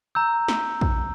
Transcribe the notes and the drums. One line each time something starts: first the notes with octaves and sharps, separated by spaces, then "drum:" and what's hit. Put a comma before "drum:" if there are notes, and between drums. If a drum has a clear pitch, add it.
A#5 E6 G6
drum: snare
drum: kick